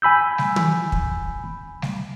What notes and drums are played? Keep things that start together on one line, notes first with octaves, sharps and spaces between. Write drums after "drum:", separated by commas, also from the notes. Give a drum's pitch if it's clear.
G#5 B5 E6 G6
drum: snare G3
drum: tom
drum: kick
drum: snare G3